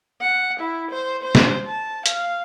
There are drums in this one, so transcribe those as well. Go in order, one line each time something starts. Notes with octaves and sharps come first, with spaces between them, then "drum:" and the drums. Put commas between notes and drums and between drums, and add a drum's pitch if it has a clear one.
F#5
E4
C5
C5
drum: snare
A5
F5, drum: hi-hat